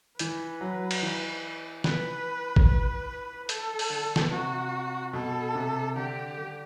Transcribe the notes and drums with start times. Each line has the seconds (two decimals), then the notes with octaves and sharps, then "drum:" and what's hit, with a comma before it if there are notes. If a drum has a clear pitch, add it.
0.19 E3 B4, drum: hi-hat
0.61 F#3
0.91 drum: cymbal
1.02 E3
1.84 B4, drum: snare
2.56 drum: kick A1
2.67 B4
3.49 A4, drum: hi-hat
3.79 drum: open hi-hat
3.90 D3
4.16 drum: snare
4.31 C3 F#4
5.13 B2 A4
5.55 C3
5.96 D3 G4
6.38 D3